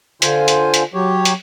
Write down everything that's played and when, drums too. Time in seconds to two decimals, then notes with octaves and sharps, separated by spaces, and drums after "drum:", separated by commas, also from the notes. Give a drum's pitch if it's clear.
0.22 D3 F4 C5 G#5, drum: hi-hat
0.48 drum: hi-hat
0.74 drum: hi-hat
0.94 F#3 G4 C#5
1.25 drum: hi-hat